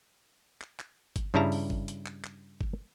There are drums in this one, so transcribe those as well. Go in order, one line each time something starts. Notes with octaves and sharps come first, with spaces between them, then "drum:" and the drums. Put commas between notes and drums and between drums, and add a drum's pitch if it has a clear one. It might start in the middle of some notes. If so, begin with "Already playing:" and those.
drum: clap
drum: clap
drum: kick G1, hi-hat
G2 C#3 G3 E4 A5 A#5
drum: open hi-hat
drum: kick G1
drum: hi-hat
drum: clap
drum: clap
drum: kick G1